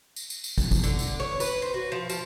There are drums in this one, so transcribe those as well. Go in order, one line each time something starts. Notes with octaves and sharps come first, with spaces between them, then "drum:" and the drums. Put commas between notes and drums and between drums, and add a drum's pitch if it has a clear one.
drum: tambourine
drum: tambourine
drum: tambourine
drum: kick, tambourine
drum: kick, tambourine
D3, drum: tambourine
drum: tambourine
C#5
B4, drum: tambourine
C5
F#4
F3
F3, drum: tambourine